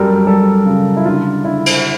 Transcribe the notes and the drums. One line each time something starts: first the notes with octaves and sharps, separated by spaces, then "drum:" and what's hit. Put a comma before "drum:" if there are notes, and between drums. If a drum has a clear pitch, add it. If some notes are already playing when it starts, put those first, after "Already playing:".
Already playing: F#2 G3 A4 A#4
G3 A4
C#3
E4
D3 F4
D3 E4
drum: cymbal